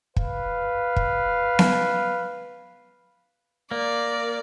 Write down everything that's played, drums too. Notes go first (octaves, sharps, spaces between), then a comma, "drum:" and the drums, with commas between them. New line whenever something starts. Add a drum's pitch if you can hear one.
B4 F5, drum: kick
drum: kick
drum: snare B3
A#3 D5